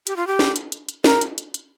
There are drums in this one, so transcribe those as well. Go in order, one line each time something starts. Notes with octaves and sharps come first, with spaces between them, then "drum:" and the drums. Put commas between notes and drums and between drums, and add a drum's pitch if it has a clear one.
G4, drum: hi-hat
F4
G4
drum: snare
drum: hi-hat
drum: hi-hat
drum: hi-hat
A#4, drum: snare
drum: hi-hat
drum: hi-hat
drum: hi-hat